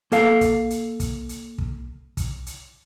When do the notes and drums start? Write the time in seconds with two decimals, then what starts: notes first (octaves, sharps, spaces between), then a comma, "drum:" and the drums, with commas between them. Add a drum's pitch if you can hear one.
0.12 A#3 A4 F5, drum: hi-hat
0.41 drum: kick, hi-hat
0.70 drum: hi-hat
1.00 drum: kick, hi-hat
1.29 drum: hi-hat
1.58 drum: kick
2.17 drum: kick, hi-hat
2.46 drum: hi-hat